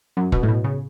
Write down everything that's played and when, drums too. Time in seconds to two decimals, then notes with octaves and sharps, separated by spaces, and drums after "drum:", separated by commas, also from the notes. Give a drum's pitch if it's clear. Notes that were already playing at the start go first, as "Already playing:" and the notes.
0.17 F#2
0.32 B2, drum: kick
0.43 A2
0.49 B2
0.64 C#3